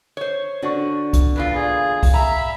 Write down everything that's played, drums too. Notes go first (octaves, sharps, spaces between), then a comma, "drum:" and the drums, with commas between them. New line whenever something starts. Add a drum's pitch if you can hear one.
C5 C#5
D3 D4 F#4 D5 C#6
drum: kick, hi-hat
E2 A#2 F4 B4
G#4 D5 F5
drum: kick, open hi-hat
E5 A#5 B5